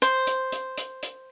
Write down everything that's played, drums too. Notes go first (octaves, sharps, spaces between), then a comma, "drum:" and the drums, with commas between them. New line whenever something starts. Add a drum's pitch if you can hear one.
C5, drum: hi-hat
drum: hi-hat
drum: hi-hat
drum: hi-hat
drum: hi-hat